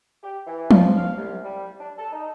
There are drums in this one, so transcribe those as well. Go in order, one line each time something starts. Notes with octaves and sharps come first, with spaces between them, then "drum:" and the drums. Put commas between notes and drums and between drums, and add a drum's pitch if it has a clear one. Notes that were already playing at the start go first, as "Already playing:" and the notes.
G4
E3
F3, drum: tom F3
F5
C2
G3
D4
A4
D#4